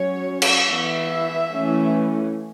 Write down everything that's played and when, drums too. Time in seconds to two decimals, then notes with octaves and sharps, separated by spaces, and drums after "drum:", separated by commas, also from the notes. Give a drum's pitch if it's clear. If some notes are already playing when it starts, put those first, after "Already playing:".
Already playing: F#3 C#4 C#5
0.42 drum: cymbal
0.69 E3 B3 E5
1.55 E3 A3 C#4